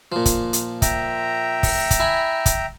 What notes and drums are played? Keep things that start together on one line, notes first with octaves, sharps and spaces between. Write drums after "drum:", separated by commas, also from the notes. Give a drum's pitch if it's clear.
A#2 F3
drum: kick, hi-hat
drum: hi-hat
E5 G5 A#5, drum: kick, hi-hat
drum: kick, open hi-hat
drum: kick, hi-hat
E4 G#5 B5
drum: kick, hi-hat